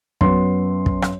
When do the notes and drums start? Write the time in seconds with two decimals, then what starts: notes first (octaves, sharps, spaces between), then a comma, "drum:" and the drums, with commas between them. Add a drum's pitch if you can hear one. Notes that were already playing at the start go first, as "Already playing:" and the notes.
0.21 F#2 B3 C6, drum: kick
0.86 drum: kick
1.02 drum: rim click